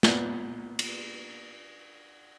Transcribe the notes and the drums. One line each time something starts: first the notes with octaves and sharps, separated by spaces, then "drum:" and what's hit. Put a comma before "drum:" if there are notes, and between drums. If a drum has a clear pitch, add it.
A#2 B3, drum: snare
drum: cymbal